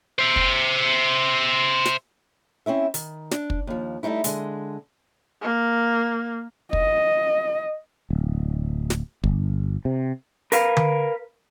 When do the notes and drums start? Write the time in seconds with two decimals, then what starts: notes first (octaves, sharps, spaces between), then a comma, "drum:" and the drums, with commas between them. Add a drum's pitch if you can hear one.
0.19 C5 E5
0.36 drum: kick
1.85 drum: snare
2.66 C4 C#4 E4 E5
2.94 D#3, drum: hi-hat
3.31 D4, drum: snare
3.50 drum: kick
3.67 D#2 F3
4.03 G3 A3 A#3 D#4 E4
4.24 D3 G#3, drum: hi-hat
5.42 A#3
6.73 D#5, drum: kick
8.10 D1
8.90 drum: snare
9.24 G1, drum: kick
9.85 C3
10.52 A#4 B4 F5, drum: hi-hat
10.77 drum: tom D3